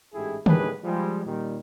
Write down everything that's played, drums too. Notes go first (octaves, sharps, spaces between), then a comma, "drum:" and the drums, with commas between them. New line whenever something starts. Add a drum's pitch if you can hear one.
A1 G#2 A3 E4 G4 G#4
A2 D#3 G3 D4 G#4 B4, drum: tom D3
F3 G3 G#3
A#2 D#3 G3